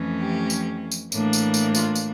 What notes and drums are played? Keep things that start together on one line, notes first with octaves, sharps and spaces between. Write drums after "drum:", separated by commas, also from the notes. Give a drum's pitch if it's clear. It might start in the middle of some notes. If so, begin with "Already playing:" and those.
Already playing: F2 E3 A3 C#4
G4
drum: tambourine
drum: tambourine
A2 E3 A#3 D4, drum: tambourine
drum: tambourine
drum: tambourine
F4, drum: tambourine
drum: tambourine